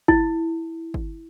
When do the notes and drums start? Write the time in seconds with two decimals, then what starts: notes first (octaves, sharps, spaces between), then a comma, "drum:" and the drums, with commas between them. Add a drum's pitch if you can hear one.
0.08 E4, drum: kick
0.94 drum: kick